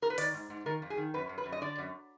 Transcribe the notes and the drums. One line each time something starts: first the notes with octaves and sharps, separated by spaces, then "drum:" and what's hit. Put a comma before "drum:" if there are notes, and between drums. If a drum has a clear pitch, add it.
A#4
B4
D#3 D5, drum: open hi-hat
G#2
G#2
D#3 A#4
F2
G#4
D#3
F#2 B4
F#2
B4
F#2
D#5
D3 D5
F#2